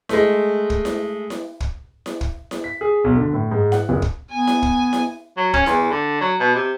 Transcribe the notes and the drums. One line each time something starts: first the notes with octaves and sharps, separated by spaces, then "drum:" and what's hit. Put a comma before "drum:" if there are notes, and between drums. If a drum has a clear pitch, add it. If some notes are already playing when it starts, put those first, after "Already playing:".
G#3 A3, drum: snare E4
drum: kick
drum: snare E4
drum: snare E4
drum: kick
drum: snare E4
drum: kick
drum: snare E4
B6
G#4
B1
D3
A2
G#2
F#5, drum: snare E4
F#1
drum: kick
B3 G#5
drum: snare E4
drum: kick
drum: snare E4
F#3
C#4, drum: kick
E2, drum: snare E4
D3
F#3
B2
C3